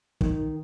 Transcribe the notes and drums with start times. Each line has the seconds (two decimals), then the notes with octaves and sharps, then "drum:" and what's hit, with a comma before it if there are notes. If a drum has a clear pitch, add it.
0.21 D#3, drum: kick